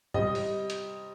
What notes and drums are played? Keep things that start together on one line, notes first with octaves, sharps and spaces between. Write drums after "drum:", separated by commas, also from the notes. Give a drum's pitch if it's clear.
C3 G3 D#5, drum: tom G#2
drum: open hi-hat
drum: hi-hat